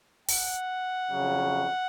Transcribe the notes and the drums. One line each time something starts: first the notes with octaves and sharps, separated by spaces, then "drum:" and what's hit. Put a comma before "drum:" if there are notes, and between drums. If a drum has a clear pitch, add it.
F#5, drum: open hi-hat
F2 C#3 F#3